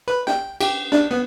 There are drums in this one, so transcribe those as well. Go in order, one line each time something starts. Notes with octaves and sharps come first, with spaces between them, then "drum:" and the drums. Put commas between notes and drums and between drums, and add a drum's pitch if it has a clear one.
B4
G5, drum: snare
G4, drum: cymbal
D4, drum: snare
B3